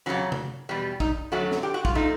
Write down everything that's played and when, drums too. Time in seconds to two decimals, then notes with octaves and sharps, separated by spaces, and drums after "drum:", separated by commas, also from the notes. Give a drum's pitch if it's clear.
0.06 F2 C#3 F#3 C#4
0.32 drum: tom C3
0.69 E2 B2 G3
1.00 D#4, drum: kick
1.32 F#2 D3 F#3 A3 F#4
1.52 drum: snare
1.63 G4
1.74 F#4
1.85 F4, drum: kick
1.95 F3 A3 D#4